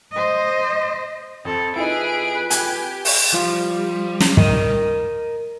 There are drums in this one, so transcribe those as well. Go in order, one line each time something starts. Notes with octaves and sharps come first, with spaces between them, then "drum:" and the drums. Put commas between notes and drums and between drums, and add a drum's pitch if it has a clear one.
C5 D#5
F2 C4 A4
F2 D#4 E4 G#4 B4 D7
G4 G#5 G#6, drum: hi-hat
drum: open hi-hat
F3 G3 F4
drum: snare
A#4 D#5, drum: kick